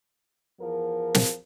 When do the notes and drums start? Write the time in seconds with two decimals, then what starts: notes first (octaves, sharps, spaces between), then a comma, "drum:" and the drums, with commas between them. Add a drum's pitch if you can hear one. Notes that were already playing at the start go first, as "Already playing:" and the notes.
0.60 E2 F3 A#4
1.14 drum: snare